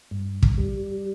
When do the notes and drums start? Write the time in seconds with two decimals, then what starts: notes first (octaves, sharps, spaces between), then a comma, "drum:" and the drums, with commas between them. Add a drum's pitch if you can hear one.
0.11 G2
0.43 drum: kick
0.58 G3